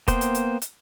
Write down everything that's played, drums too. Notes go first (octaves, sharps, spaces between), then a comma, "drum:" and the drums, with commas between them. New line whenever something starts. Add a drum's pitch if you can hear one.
A#3 B3 C5 G5, drum: kick F1, hi-hat
drum: hi-hat
drum: hi-hat
drum: hi-hat